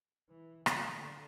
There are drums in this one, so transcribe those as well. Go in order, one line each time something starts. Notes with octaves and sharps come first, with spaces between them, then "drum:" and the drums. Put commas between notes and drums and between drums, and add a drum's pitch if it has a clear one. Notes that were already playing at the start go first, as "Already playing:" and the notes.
E3
D3, drum: rim click